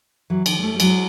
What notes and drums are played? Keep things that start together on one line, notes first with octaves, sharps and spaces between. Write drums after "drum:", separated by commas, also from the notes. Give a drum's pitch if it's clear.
E3 F#3
D#3 F3, drum: cymbal
G#3
G3 A3
G3
F#3 G#3, drum: cymbal